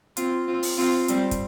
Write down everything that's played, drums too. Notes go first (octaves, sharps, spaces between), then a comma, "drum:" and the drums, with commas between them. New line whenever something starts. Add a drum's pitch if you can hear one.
C4 F4, drum: hi-hat
C4 F4
drum: open hi-hat
C4 F4
G3 C4, drum: hi-hat
drum: kick, hi-hat